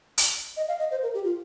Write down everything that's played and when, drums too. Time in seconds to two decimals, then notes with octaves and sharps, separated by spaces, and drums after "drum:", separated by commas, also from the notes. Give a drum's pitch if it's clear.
0.18 drum: hi-hat
0.57 D#5
0.68 F5
0.79 D#5
0.91 C5
1.03 A#4
1.14 G4
1.24 F4